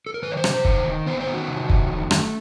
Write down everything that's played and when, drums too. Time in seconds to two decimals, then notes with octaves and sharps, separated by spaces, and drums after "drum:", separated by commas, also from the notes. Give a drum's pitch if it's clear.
0.06 A4
0.14 A#4
0.22 D#3 B4
0.31 C#5
0.37 C5
0.44 C3, drum: rim click
0.51 C5
0.65 D#3, drum: kick
0.86 D#3
1.06 B3 C5
1.20 C5
1.27 D#3
1.34 F#4
1.48 C3
1.69 D#3, drum: kick
1.90 F2
2.11 A3, drum: rim click